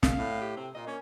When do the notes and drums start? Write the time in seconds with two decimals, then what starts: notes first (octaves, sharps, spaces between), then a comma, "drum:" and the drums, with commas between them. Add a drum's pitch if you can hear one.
0.03 F5, drum: snare
0.18 A2
0.42 G4
0.57 C3 C4
0.75 A#2 D#5
0.87 A#3 C#4